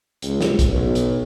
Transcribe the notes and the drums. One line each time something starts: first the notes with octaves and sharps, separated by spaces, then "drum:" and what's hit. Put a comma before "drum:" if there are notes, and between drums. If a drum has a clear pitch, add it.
C#2, drum: hi-hat
drum: snare
drum: kick, hi-hat
B1
drum: hi-hat